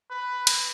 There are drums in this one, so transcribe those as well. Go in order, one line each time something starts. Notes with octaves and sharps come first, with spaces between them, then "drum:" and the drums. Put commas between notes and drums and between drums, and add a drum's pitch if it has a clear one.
B4
drum: cymbal